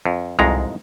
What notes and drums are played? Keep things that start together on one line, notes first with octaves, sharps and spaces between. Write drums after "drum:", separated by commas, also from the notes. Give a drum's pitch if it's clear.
F2
C2 F2 G#2 G#3 A#5, drum: tom C2